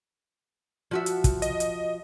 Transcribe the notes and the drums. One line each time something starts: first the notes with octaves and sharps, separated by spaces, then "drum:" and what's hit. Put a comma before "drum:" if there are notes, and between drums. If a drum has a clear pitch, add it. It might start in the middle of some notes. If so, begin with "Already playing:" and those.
F3 F#4 E5
drum: hi-hat
drum: kick, hi-hat
D#5, drum: hi-hat
drum: hi-hat